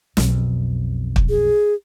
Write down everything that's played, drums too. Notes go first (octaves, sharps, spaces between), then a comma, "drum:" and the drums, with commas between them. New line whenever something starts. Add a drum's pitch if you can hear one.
B1 F2, drum: snare
drum: kick
G#4